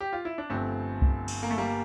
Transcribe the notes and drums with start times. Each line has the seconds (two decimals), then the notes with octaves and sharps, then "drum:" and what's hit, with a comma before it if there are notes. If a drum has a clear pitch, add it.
0.00 G4
0.13 F4
0.25 E4
0.38 D4
0.50 G1 G2 F3 A3 C4
1.02 drum: kick C2
1.28 drum: cymbal
1.43 A#3
1.51 A3
1.58 G3 A#3